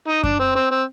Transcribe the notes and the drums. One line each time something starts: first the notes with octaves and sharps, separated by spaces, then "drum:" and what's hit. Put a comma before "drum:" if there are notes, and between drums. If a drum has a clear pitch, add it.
D#4
D4, drum: kick F#2
C4
C4
C4